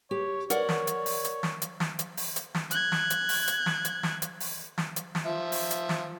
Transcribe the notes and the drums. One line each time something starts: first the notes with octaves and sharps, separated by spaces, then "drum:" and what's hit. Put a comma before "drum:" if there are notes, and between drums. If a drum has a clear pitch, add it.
G4 C#5
A#4 C#5 D5 F#5, drum: hi-hat
drum: snare
drum: hi-hat
drum: open hi-hat
drum: hi-hat
drum: snare
drum: hi-hat
drum: snare
drum: hi-hat
drum: open hi-hat
drum: hi-hat
drum: snare
F#6 G#6, drum: hi-hat
drum: snare
drum: hi-hat
drum: open hi-hat
drum: hi-hat
drum: snare
drum: hi-hat
drum: snare
drum: hi-hat
drum: open hi-hat
drum: snare
drum: hi-hat
drum: snare
F3 E5
drum: open hi-hat
drum: hi-hat
drum: snare